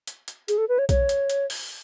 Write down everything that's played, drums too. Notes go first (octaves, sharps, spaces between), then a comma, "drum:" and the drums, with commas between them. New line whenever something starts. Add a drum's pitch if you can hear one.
drum: hi-hat
drum: hi-hat
G#4, drum: hi-hat
A4
B4
C#5
C#5, drum: kick B1, hi-hat
drum: hi-hat
drum: hi-hat
drum: open hi-hat